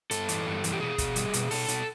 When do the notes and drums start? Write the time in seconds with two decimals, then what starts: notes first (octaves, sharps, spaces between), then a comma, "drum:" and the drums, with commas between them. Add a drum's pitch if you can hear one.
0.11 G2 A4, drum: hi-hat
0.29 E3, drum: hi-hat
0.46 G2
0.64 E3, drum: hi-hat
0.73 G4
0.80 B2 G#4
0.98 B2, drum: kick, hi-hat
1.16 G3, drum: hi-hat
1.34 B2, drum: hi-hat
1.51 B2 A4, drum: open hi-hat
1.68 B2, drum: hi-hat